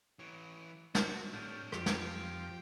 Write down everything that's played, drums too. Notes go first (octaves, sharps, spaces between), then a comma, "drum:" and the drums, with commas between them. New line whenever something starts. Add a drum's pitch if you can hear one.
E3 C#5
F#4, drum: snare
A2 D4 G4 C#5 F6
F2 F3 G4, drum: rim click
drum: snare